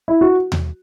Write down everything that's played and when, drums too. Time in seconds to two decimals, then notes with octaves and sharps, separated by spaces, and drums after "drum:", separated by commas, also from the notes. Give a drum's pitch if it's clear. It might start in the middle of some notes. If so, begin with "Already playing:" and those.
0.08 E4
0.21 F#4
0.52 drum: tom D#2